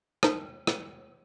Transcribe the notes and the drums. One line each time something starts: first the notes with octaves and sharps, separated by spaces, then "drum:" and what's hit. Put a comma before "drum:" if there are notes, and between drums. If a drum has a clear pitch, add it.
D#4 A#4 C5 A5 D#6, drum: rim click
drum: rim click